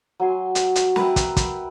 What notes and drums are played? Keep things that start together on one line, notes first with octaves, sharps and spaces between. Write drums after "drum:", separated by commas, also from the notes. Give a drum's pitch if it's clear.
F#3 G#5 C6
drum: hi-hat
drum: hi-hat
A#4 B4 E5 G5, drum: snare
drum: kick, hi-hat
drum: kick, hi-hat